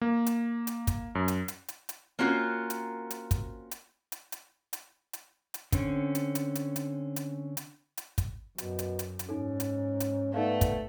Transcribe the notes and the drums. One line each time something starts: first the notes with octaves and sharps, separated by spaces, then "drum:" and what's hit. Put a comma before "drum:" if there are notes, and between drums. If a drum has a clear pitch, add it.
A#3
drum: hi-hat
drum: hi-hat
drum: kick, hi-hat
F#2
drum: hi-hat
drum: hi-hat
drum: hi-hat
drum: hi-hat
A#3 C4 C#4 F4 F#4 A#4
drum: hi-hat
drum: hi-hat
drum: kick, hi-hat
drum: hi-hat
drum: hi-hat
drum: hi-hat
drum: hi-hat
drum: hi-hat
drum: hi-hat
D3 C4 C#4, drum: kick, hi-hat
drum: hi-hat
drum: hi-hat
drum: hi-hat
drum: hi-hat
drum: hi-hat
drum: hi-hat
drum: hi-hat
drum: kick, hi-hat
F#2 B2, drum: hi-hat
drum: hi-hat
drum: hi-hat
drum: hi-hat
G#2 C#4 D#4 A4
drum: hi-hat
drum: hi-hat
A3 B3 D#4 D5 F5
drum: kick, hi-hat